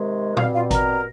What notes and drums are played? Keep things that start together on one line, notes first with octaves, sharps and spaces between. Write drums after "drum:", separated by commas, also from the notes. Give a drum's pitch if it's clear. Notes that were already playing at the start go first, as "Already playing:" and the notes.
Already playing: C3 D#3 G#3
B2 G3 C4 F4 F5, drum: tom A#2
F4 F5
A#4 A#5, drum: kick G#1, hi-hat